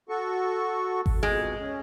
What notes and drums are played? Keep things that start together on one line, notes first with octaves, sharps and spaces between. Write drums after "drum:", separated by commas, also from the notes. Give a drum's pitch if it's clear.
F#4 A4 C#6
drum: kick G#1
F2 B2 G#3
C#4